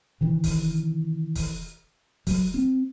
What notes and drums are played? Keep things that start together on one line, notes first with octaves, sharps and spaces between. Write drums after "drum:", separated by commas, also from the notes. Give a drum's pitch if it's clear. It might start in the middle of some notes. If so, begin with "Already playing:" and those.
C3 D#3 E3
drum: kick, open hi-hat
drum: kick, open hi-hat
F#3, drum: kick, open hi-hat
C4